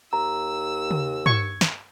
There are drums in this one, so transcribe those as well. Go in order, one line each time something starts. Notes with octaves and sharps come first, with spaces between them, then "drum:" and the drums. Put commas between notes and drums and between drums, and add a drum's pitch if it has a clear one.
D#2 A#5 E6
drum: tom
C#6 G#6, drum: tom
drum: snare